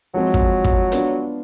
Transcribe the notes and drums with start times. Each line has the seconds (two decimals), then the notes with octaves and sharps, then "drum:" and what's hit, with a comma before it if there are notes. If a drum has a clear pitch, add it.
0.14 F3 F#3 G#3 C4
0.34 drum: kick
0.64 drum: kick
0.92 B3 D4 F4, drum: hi-hat